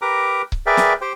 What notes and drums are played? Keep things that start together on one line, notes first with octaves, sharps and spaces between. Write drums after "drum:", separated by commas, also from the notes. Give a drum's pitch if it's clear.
G4 A#4 B4 A#5 D6
drum: kick C#1
G#4 A#4 B4 D5 E5 G5
drum: snare
G4 C5 G5